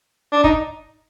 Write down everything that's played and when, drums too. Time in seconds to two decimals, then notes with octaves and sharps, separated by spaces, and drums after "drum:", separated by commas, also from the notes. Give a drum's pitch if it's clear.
0.32 D4
0.44 D#4, drum: kick